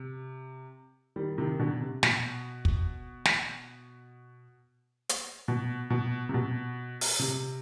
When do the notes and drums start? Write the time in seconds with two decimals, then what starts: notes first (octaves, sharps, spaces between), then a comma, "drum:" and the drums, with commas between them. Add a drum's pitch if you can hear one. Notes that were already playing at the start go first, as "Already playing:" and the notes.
Already playing: C3
1.16 D#3 G3
1.38 C3 D#3
1.59 B2 D3
1.81 C3
2.03 B2, drum: snare
2.65 drum: kick
3.25 drum: snare
5.09 drum: hi-hat
5.48 B2
5.90 B2
6.29 C3
6.34 B2
7.01 drum: open hi-hat
7.19 C3